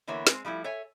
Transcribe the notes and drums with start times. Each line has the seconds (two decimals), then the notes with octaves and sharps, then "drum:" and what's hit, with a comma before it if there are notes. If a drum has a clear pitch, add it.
0.07 D3 E3 A#3 B3 E4 C#5
0.27 G#3 C4, drum: snare
0.45 F3 G3 A3 E4
0.64 A4 C#5 E5 G#5